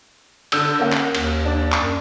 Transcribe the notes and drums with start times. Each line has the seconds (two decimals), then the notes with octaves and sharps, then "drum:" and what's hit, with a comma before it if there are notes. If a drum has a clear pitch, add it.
0.52 D3 E6 G6, drum: cymbal
0.80 A#3 C#4 F#5
0.92 drum: clap
1.15 D#2, drum: cymbal
1.45 D4 D5
1.72 drum: clap
1.82 F#2